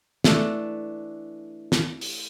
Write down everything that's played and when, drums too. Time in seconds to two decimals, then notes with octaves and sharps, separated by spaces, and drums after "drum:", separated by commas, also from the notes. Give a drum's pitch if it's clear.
0.24 E3 A3 D4, drum: snare
1.72 drum: snare
2.01 drum: open hi-hat